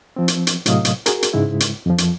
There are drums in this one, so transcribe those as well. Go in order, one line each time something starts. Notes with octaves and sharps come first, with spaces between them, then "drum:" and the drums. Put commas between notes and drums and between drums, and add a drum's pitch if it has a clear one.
F3 C4
drum: hi-hat
drum: hi-hat
A2 C3 F#3 D#5 F5 D#6, drum: hi-hat
drum: hi-hat
F#4 G#4 A#4, drum: hi-hat
drum: hi-hat
G#2 C#3 G#3 E4
drum: hi-hat
F2 F3
drum: hi-hat